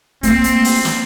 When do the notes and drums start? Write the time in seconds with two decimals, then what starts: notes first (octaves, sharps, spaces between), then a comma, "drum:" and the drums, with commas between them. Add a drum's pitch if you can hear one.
0.23 A3 A#3 C4, drum: hi-hat
0.44 drum: hi-hat
0.64 drum: open hi-hat
0.85 drum: snare